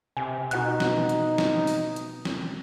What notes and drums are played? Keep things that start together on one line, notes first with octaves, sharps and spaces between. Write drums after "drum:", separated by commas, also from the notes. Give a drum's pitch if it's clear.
C3 G#5
B2 D#4 F#4 F#5 F#6, drum: hi-hat
drum: snare
drum: hi-hat
drum: snare
drum: open hi-hat
drum: hi-hat
drum: snare